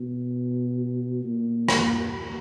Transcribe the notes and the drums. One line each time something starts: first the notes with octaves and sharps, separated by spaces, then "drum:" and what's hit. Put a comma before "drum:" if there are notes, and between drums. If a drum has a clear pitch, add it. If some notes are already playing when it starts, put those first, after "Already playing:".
Already playing: B2
A#2
drum: rim click